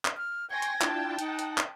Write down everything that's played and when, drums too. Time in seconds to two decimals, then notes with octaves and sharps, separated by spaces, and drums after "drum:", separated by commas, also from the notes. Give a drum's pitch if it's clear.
0.05 drum: clap
0.17 F6
0.50 G5 G#5 C6 C#6 G#6 A#6
0.62 drum: hi-hat
0.81 D4 E4 F4 G5 A5, drum: clap
1.19 D#4 F#5, drum: hi-hat
1.39 drum: hi-hat
1.58 drum: clap